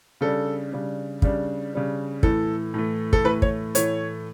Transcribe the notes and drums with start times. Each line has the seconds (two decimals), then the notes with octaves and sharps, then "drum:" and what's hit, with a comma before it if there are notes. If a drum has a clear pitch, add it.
0.21 C#3 G3 D4 A4
0.72 C#3 G3 D4
1.22 C#3 G3 D4, drum: kick
1.73 C#3 G3 D4
2.23 A2 E3 A3 A4, drum: kick
2.74 A2 E3 A3
3.13 A4, drum: kick
3.24 A2 E3 A3 B4
3.42 C#5, drum: kick
3.75 A2 E3 A3 C#5, drum: hi-hat